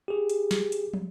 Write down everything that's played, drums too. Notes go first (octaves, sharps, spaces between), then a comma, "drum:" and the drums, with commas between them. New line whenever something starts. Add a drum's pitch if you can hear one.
G4 G#4
drum: hi-hat
drum: snare
drum: hi-hat
drum: tom